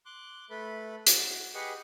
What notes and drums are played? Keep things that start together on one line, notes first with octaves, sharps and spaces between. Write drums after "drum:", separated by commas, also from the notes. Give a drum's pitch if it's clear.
C6 D6 F#6
A3 A4 B4 B5
F#4, drum: hi-hat
G4 G#4 B4 D#5 F#5 C#6